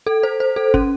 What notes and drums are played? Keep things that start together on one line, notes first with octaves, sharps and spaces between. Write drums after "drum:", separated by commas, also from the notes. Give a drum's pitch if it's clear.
A4
C5
C5
A4
C#4, drum: kick